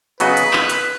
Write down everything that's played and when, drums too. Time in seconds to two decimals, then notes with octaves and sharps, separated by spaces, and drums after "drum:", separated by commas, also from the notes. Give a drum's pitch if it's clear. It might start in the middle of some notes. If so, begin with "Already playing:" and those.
0.20 C#3 F#3 B3 F#4 B4 D#5, drum: hi-hat
0.37 drum: hi-hat
0.53 drum: clap
0.70 drum: hi-hat